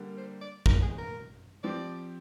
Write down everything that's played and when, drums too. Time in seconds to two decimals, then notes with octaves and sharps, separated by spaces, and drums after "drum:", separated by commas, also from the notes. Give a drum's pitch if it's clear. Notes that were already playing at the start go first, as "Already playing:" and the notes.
Already playing: D3 G3 A#3
0.18 C5
0.41 D5
0.66 A#4, drum: kick
0.82 G#4
0.98 A#4
1.63 F3 C4 G4 D5